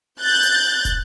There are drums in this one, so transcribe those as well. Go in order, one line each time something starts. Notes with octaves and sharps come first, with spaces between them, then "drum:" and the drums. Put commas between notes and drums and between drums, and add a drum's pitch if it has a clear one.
F#6 G6 A6
drum: hi-hat
drum: kick, hi-hat